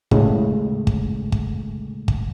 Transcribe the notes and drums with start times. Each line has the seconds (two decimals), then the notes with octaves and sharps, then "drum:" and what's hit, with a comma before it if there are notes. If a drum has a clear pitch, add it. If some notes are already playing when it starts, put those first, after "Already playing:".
0.11 D#2 A2 C#3 G#3 A3, drum: kick
0.87 drum: kick
1.32 drum: kick
2.08 drum: kick